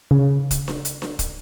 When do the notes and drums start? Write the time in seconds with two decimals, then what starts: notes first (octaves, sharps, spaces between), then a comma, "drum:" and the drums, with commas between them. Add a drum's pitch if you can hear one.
0.11 C#3
0.51 drum: kick, hi-hat
0.68 drum: snare D4
0.85 drum: hi-hat
1.02 drum: snare D4
1.19 drum: kick, hi-hat